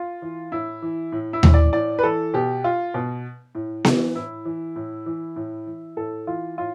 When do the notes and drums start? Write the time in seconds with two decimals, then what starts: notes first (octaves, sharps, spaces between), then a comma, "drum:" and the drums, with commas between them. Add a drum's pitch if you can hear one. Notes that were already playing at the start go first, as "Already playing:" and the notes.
Already playing: F4
0.22 E3
0.52 A2 E4
0.82 E3
1.12 A2
1.33 E4
1.43 E3, drum: tom D#2
1.54 D5
1.73 A2 D5
1.99 B4
2.03 E3 A4
2.34 B2 G4
2.64 F4
2.94 B2
3.55 A2
3.85 E3, drum: snare B3
4.15 A2 E4
4.45 E3
4.76 A2
5.06 E3
5.36 A2
5.66 E3
5.97 A2 A4
6.27 E3 F4
6.58 A2 F4